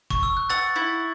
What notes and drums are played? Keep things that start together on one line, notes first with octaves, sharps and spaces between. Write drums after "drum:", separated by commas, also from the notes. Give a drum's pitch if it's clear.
C#6, drum: kick
E6
F#6
F#5 E6 A6
E4